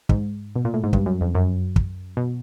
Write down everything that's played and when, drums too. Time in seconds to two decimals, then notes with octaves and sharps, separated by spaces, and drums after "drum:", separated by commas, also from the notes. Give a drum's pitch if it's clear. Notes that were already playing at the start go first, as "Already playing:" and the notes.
0.09 G#2, drum: kick
0.56 B2
0.65 A#2
0.74 A2
0.84 G#2
0.93 G2, drum: kick
1.06 F#2
1.21 F2
1.35 F#2
1.76 drum: kick
2.17 B2